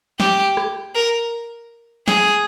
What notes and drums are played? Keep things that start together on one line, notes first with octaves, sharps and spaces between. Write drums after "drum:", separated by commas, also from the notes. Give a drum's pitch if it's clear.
G4, drum: snare
drum: rim click
A#4
G#4, drum: snare